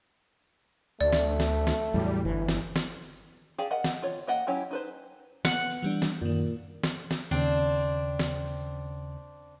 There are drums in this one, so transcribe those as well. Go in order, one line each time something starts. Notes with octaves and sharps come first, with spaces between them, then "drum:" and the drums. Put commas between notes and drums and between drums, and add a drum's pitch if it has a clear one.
D2 A3 D5
drum: snare
drum: snare
drum: snare
E2 A2 F#3 G3
G1 E3
drum: snare
drum: snare
G4 G#4 D5 F5
A#4 D#5 F#5
drum: snare
F4 C#5
A#3 D#5 F#5 G5
F#3 C#4 E4 G4 C#5
D#4 B4 C5
B3 F#5, drum: snare
E3 G3 D4
drum: snare
F#2 A#2 D#3
drum: snare
drum: snare
D#2 C#3 C4 D4
drum: snare